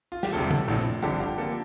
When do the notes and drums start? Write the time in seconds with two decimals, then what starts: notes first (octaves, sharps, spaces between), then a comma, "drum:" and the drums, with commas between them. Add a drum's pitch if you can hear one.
0.12 F4
0.23 G4, drum: snare
0.32 E1 D2 C3 G3 A4
0.51 drum: tom C#3
0.68 A#1 A2 F3 C4
1.02 G1 G2 D3 F3 C4 G4
1.20 G4
1.38 D3 F3 A#3 A4